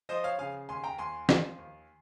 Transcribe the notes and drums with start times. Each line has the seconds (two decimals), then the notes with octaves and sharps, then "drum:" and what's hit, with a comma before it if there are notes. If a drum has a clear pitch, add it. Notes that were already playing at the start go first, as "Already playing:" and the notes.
0.09 F3 C5 D#5
0.24 C#5 F5
0.38 C#3 F5 G#5
0.69 D#2 G#5 C6
0.84 G5 A#5
0.98 D#2 G#5 C6
1.29 F3, drum: snare
1.58 D#2